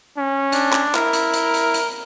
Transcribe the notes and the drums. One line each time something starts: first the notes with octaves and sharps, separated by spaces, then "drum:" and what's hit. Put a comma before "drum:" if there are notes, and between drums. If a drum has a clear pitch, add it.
C#4
D4, drum: hi-hat
drum: clap
E4 A#4, drum: clap
drum: hi-hat
drum: hi-hat
drum: hi-hat
drum: hi-hat